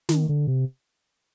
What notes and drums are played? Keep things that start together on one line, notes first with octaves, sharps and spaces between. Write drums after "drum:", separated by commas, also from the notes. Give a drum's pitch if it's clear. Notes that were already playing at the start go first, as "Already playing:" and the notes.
D#3, drum: snare
D3
C3